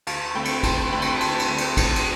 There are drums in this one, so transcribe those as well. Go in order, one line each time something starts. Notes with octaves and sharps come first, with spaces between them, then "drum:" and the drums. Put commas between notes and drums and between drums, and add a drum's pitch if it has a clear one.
D2 F5 A5, drum: cymbal
D3 A3 C4 G5 B5
drum: cymbal
D2 A5 C6, drum: kick, cymbal
D3 A3 C4 G5 B5
drum: cymbal
B5
D2 A5 C6, drum: cymbal
drum: cymbal
D3 A3 C4
drum: cymbal
D2, drum: kick, cymbal
drum: cymbal